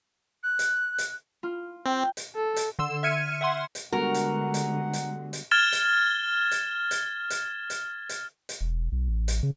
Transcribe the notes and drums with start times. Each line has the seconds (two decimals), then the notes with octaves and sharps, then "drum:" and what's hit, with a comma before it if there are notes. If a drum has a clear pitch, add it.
0.43 F#6
0.59 drum: hi-hat
0.98 drum: hi-hat
1.43 F4
1.86 C4 G5
2.17 drum: hi-hat
2.36 A4
2.56 drum: hi-hat
2.79 D3 C6 E6 E7
3.03 E5 F6 G#6 C#7 D#7
3.41 E5 F#5 C6
3.75 drum: hi-hat
3.93 D3 G3 G#3 B3 F#4 A#4 F#5
4.14 drum: hi-hat
4.54 drum: hi-hat
4.93 drum: hi-hat
5.33 drum: hi-hat
5.51 F6 G#6 A6 E7 G7
5.72 drum: hi-hat
6.51 drum: hi-hat
6.91 drum: hi-hat
7.30 drum: hi-hat
7.70 drum: hi-hat
8.09 drum: hi-hat
8.49 drum: hi-hat
8.61 E1
8.92 B1
9.08 A1
9.28 drum: hi-hat
9.43 C#3